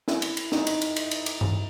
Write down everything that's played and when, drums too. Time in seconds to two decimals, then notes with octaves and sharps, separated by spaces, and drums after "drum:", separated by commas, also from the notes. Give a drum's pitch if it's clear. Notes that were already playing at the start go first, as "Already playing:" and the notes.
0.08 E4, drum: snare
0.22 drum: cymbal
0.37 drum: cymbal
0.52 D#4, drum: snare
0.67 drum: cymbal
0.82 drum: cymbal
0.96 drum: cymbal
1.11 drum: cymbal
1.26 drum: cymbal
1.41 drum: tom G2